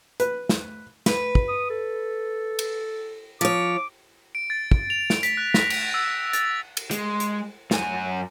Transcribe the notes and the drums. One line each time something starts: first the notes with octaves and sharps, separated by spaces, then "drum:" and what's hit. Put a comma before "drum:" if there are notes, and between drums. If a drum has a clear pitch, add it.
B4, drum: hi-hat
drum: snare
B4, drum: snare
drum: kick
D#6
A4
drum: cymbal
F3 C#5 D6
D7
A6
drum: kick
F7
D7, drum: snare
B6, drum: hi-hat
F#6
A#6, drum: snare
B6, drum: cymbal
E6
A6, drum: hi-hat
drum: cymbal
G#3, drum: hi-hat
drum: hi-hat
F#2 G#5, drum: snare